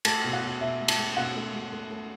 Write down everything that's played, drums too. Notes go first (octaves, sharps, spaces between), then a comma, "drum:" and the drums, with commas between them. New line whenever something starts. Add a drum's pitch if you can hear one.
A3 A5, drum: cymbal
B2
F#5
B2
B2 E5
A3
A5, drum: cymbal
A3
B2 F#5
A3
A3
A3
A3